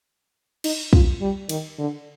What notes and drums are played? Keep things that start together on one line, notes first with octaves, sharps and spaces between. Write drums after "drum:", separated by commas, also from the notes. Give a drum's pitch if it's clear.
D#4, drum: cymbal
F4, drum: kick
G3
D#3, drum: cymbal
D3